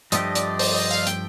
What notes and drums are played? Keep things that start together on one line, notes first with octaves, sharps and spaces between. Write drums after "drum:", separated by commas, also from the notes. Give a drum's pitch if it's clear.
G2 F3 A3 D4 G4 D#5, drum: hi-hat
D5, drum: hi-hat
C5, drum: open hi-hat
D#5
F5
G5, drum: hi-hat